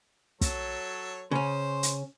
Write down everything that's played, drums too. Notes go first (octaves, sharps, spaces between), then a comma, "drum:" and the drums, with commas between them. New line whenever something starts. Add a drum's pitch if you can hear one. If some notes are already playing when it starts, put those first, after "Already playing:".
F#3 A4 C#5, drum: kick, hi-hat
C#3 C#4 C5
drum: hi-hat